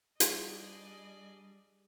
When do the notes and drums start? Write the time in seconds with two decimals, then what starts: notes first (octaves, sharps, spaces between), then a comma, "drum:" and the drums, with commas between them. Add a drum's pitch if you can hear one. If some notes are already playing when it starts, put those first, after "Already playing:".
0.20 G3 D4 F4 G#4 D5 D#5, drum: hi-hat